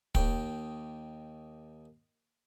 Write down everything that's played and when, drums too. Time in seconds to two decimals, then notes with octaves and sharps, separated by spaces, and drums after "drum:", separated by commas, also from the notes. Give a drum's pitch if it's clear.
0.15 D#2 D#3 G5, drum: kick